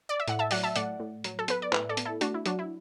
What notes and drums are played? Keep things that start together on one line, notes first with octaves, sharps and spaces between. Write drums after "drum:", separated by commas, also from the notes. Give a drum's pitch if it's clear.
D5
E5
A2 F#5, drum: hi-hat
E5 A5
F#3 D5 F#5, drum: open hi-hat
E5 A5
A2 D5 F#5, drum: hi-hat
A2
F#3, drum: hi-hat
A4
B3 B4, drum: hi-hat
D5
A2 B4 E5, drum: clap
A4 D5
B3, drum: hi-hat
E4 A4
A3 D4 F#4, drum: hi-hat
E4
F#3 D4 F#4, drum: hi-hat
E4